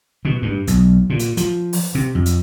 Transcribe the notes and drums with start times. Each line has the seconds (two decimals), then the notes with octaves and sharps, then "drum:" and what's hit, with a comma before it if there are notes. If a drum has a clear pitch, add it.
0.25 B2
0.42 G2
0.67 B1, drum: hi-hat
1.10 A#2
1.20 drum: hi-hat
1.37 F3, drum: hi-hat
1.73 drum: open hi-hat
1.95 C3
2.15 F2
2.26 drum: hi-hat